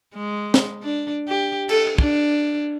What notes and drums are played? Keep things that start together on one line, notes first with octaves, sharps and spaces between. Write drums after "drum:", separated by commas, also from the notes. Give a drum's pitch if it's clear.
G#3
drum: snare
D4
G4
A4, drum: cymbal
D4, drum: kick